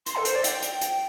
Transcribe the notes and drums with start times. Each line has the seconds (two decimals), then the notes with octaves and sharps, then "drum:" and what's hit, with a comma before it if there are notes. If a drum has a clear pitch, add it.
0.06 C6, drum: hi-hat
0.17 A4
0.25 C5, drum: hi-hat
0.35 D5
0.44 G5, drum: hi-hat
0.62 drum: hi-hat
0.81 G5, drum: hi-hat